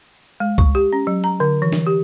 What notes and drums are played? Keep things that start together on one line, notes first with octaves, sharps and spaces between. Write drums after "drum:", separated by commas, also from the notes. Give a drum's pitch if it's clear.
G#3
C#6, drum: kick
G4
C#4
F#3
A#5
D3
E3
drum: snare
G4